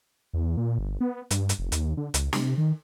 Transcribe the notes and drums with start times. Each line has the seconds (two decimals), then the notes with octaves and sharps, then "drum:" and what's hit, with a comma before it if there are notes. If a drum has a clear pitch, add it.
0.33 E2
0.57 A#2
0.79 G1
1.01 B3
1.31 G2, drum: hi-hat
1.49 drum: hi-hat
1.59 F1
1.72 D#2, drum: hi-hat
1.97 D3
2.14 C#2, drum: hi-hat
2.33 C3, drum: snare
2.58 D#3